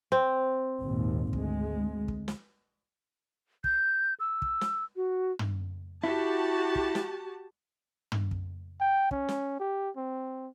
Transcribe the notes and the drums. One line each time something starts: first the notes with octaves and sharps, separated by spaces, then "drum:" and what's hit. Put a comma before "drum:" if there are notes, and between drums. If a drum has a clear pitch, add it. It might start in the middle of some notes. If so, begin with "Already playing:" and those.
C4
G#1 D#2 A#2
D2 G#3, drum: kick
drum: kick
drum: snare
G6, drum: kick
E6
drum: kick
drum: snare
F#4
drum: tom
E4 F#4 G4 A5
drum: kick
drum: snare
drum: tom
drum: kick
G5
C#4, drum: kick
drum: snare
G4
C4